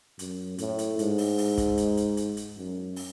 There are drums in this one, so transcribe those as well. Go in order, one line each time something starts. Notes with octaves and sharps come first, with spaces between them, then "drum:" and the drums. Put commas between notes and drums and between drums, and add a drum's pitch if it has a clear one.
F#2, drum: hi-hat
A2, drum: hi-hat
drum: hi-hat
G#2, drum: hi-hat
drum: open hi-hat
drum: open hi-hat
drum: kick, hi-hat
drum: hi-hat
drum: hi-hat
drum: hi-hat
drum: hi-hat
F#2
drum: open hi-hat